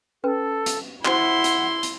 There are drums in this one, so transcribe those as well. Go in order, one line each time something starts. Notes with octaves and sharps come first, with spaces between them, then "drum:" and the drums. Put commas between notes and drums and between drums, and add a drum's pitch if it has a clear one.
C#4 A4 B4
drum: hi-hat
E4 F#4 C5 F#5 C6, drum: clap
drum: hi-hat
drum: hi-hat